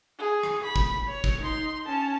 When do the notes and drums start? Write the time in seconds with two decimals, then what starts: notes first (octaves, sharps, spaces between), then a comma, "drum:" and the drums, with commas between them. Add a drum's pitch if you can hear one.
0.19 G#4
0.43 drum: rim click
0.64 B5
0.76 drum: kick
1.08 C#5
1.24 drum: kick
1.41 D#4 C6
1.86 C#4 A5